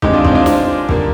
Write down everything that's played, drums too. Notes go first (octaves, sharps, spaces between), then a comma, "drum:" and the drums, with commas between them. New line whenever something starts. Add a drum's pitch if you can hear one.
D3 G#3 C4 D#4 G4, drum: kick
D4 F4
C4 D#4, drum: kick
D4 F4
drum: snare
D3 G3 A#3, drum: kick